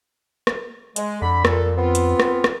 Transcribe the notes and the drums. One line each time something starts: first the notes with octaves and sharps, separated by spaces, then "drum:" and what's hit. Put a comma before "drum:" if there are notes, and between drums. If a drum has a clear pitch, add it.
drum: rim click
G#3, drum: hi-hat
F2 D3 B5
F2 A#2 A4, drum: rim click
B3 C4 F4
drum: hi-hat
drum: rim click
drum: rim click